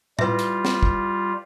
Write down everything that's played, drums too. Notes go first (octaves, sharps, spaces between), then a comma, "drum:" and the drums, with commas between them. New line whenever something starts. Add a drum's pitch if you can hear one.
G3 E4 F4 B4 E5, drum: tom A2
drum: hi-hat
drum: snare
drum: kick